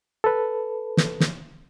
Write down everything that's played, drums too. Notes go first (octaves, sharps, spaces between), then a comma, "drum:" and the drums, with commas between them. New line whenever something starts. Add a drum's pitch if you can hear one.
A4 B4
drum: snare
drum: snare